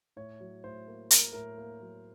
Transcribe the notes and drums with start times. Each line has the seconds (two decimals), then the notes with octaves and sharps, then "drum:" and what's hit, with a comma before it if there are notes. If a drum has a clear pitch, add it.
0.16 A2 C#5
0.40 F#3
0.64 A2 C5
0.87 A#3
1.11 A#3 A#4, drum: hi-hat
1.33 A2 A#4
1.58 A#3
1.81 F#3